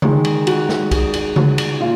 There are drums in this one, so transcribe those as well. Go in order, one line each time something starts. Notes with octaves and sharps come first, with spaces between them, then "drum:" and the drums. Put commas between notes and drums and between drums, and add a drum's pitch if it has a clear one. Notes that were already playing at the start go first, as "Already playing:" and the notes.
D#3 G#3, drum: tom C#3
drum: cymbal
F#4, drum: cymbal
drum: snare
G#4, drum: kick, cymbal
drum: cymbal
F#4, drum: tom C#3
drum: cymbal
A#2 F4